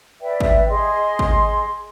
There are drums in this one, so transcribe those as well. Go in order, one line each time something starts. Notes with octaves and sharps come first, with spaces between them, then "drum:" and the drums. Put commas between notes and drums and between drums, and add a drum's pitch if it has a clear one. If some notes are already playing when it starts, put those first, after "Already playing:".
B4 D5 E5 G5
drum: kick G#1
G#4 D#5 C6
drum: kick G#1